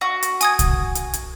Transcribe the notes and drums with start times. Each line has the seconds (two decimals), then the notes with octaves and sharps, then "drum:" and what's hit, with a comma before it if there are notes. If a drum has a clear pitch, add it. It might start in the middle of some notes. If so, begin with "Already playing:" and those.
0.01 F#4
0.23 drum: hi-hat
0.41 G#5 D#6 G#6, drum: hi-hat
0.59 drum: kick, hi-hat
0.95 drum: hi-hat
1.14 drum: hi-hat